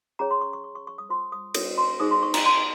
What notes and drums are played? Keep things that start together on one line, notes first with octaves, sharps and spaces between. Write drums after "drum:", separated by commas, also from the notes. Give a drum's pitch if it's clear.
C#4 G#4 C#5 A#5
C6
C#6
C#6
C#6
C#6
C#6
D#6
F4 C5 C6
D#6
D#6, drum: cymbal
C6
D#4 G#4 C5 D#6
C6
C#6
A#5, drum: cymbal
C6